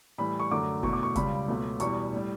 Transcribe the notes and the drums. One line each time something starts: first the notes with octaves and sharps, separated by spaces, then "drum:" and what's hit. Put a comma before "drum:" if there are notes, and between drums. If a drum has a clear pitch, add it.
A2 E3 G3 B5
C#6
F#2 D3 A3 D6
E2 B2 A3 C#6, drum: kick F#1
D6
C#6
C#2 C#3 G3 B5, drum: kick F#1, hi-hat
C#2 B2 F#3 A3
E2 B2 G3 C#6, drum: hi-hat
A2 G3